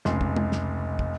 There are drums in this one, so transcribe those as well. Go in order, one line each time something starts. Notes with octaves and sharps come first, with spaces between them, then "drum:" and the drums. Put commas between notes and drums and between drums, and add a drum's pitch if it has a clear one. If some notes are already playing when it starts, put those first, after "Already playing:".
F1 C#2 C6, drum: snare
drum: kick
drum: tom G#3
drum: snare
drum: kick